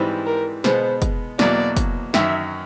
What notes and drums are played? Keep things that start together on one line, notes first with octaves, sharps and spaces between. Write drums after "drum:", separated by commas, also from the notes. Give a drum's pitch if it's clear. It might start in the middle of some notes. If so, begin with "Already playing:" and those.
Already playing: G#2 E3 G3 C4
A#4
B2 G#3 B3 C5, drum: snare
drum: kick, hi-hat
E2 B2 F#3 A#3 D5, drum: snare
drum: kick, hi-hat
F#2 D#3 F#3 E5, drum: snare